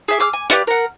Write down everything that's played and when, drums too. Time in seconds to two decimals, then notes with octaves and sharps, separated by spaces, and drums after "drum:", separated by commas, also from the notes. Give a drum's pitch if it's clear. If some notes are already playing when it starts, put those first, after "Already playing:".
0.08 G#4 E5 D6
0.20 G#4 D6 E6 F6
0.33 G#5
0.50 G4 B4 D5 F5, drum: hi-hat
0.67 A#4 F#5